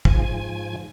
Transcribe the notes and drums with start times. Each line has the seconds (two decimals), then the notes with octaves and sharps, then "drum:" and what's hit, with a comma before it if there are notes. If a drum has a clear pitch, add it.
0.05 G#2 F3 G#5, drum: kick